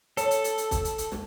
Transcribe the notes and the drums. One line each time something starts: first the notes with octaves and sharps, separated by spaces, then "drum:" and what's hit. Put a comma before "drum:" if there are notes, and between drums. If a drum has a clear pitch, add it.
A4 C#5, drum: hi-hat
drum: hi-hat
drum: hi-hat
drum: hi-hat
drum: kick, hi-hat
drum: hi-hat
drum: hi-hat
drum: snare